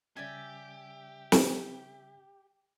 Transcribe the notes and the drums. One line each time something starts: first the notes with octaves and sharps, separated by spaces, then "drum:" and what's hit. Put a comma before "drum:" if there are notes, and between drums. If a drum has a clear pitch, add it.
C#3 G3 C#4 G4 D5 E5 G#5
drum: snare